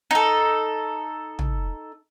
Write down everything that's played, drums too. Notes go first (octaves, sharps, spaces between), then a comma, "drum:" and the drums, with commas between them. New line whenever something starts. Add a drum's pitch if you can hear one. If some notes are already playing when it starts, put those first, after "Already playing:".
D#4 A4
drum: tom